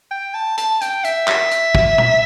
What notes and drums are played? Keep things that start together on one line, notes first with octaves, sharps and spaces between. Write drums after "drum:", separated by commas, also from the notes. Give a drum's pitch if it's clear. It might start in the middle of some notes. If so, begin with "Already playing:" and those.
G5
A5
A5, drum: hi-hat
G5, drum: hi-hat
E5, drum: hi-hat
drum: clap
drum: hi-hat
drum: kick
drum: tom A#2